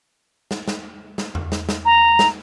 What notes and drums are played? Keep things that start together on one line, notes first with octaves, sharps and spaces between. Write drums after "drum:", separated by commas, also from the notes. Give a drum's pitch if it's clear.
drum: snare
drum: snare
drum: snare
drum: tom E2
drum: snare
drum: snare
A#5
drum: snare